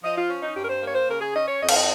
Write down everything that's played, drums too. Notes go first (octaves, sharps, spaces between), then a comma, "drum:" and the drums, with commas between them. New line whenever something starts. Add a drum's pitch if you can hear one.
F3 D#5
F4
C#4
D#4
G2 G4
A#4
C5
A#3 C#5
C5
C#3 A#4
G#4
C#4 D#5
C#5
F2 D#5
F5, drum: cymbal
D#5